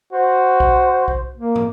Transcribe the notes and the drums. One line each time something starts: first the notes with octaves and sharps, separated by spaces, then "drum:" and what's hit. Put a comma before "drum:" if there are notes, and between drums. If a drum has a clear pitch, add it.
F#4 C5
drum: kick B1
drum: kick B1
A#3
drum: tom